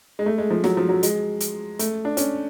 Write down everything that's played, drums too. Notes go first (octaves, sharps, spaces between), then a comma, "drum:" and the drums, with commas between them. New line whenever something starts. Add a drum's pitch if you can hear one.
G#3
A3
G#3
F3
F#3, drum: snare
F3
F#3
G#3, drum: hi-hat
drum: hi-hat
A3, drum: hi-hat
D4
C#4, drum: hi-hat